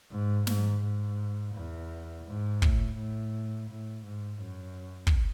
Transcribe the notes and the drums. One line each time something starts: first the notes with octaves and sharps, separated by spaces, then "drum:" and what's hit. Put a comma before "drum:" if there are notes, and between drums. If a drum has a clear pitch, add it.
G#2
G#2, drum: snare
G#2
E2
G#2
A2, drum: kick
A2
A2
G#2
F#2
drum: kick